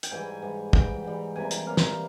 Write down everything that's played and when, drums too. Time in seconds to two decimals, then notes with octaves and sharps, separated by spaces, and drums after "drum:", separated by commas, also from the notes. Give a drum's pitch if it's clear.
0.03 G5, drum: hi-hat
0.11 G#2 E3 G3 G#5
0.42 G#2 E3 G3
0.73 G#2 E3 G3 G5, drum: kick
1.04 G#2 E3 G3
1.36 C3 E3 G3 A#3 G#5
1.51 G5, drum: hi-hat
1.66 C3 E3 G3 A#3 F5
1.77 drum: snare